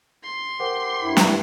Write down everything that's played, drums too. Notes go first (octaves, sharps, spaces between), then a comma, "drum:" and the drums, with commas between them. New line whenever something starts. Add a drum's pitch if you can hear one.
C6
G4 A#4 C5 F#5
G2 E4
drum: snare